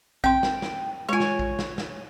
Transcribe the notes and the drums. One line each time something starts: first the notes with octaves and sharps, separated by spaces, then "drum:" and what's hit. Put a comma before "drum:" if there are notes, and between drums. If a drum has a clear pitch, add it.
C4 G5 C6, drum: kick A#1
drum: snare
drum: snare
G#3 F4 C#5 G#5
drum: snare
drum: kick A#1
drum: snare
drum: snare